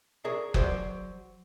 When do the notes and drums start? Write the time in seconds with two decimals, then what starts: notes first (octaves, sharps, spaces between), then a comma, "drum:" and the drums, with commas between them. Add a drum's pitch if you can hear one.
0.24 G#4 A#4 C#5 D5 E5
0.54 F#3 C5 D5, drum: kick F#1